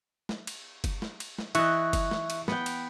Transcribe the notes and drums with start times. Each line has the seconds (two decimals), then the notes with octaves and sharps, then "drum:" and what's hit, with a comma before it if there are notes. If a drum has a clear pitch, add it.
0.29 drum: snare
0.47 drum: cymbal
0.84 drum: kick F#1, cymbal
1.02 drum: snare
1.20 drum: cymbal
1.39 drum: snare
1.55 E3 D#5 E5 C#6 F#6, drum: cymbal
1.93 drum: kick F#1, cymbal
2.11 drum: snare
2.30 drum: cymbal
2.48 B3 G5, drum: snare
2.66 drum: cymbal